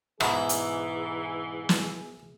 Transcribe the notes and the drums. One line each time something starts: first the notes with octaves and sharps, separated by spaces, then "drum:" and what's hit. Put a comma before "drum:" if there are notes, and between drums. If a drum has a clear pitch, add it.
G#2 B2 E3 E4 G#4, drum: rim click
drum: hi-hat
drum: snare